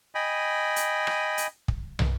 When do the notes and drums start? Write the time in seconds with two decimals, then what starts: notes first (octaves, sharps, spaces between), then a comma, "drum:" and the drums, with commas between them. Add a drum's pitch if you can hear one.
0.15 D#5 G5 G#5 B5
0.76 drum: hi-hat
1.07 drum: rim click
1.38 drum: hi-hat
1.68 drum: kick
1.99 drum: tom